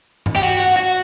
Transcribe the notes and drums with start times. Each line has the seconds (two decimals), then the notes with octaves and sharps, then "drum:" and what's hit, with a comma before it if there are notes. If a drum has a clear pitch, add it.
0.26 drum: tom G2
0.36 G4
0.43 F#4
0.60 F#4
0.77 F#4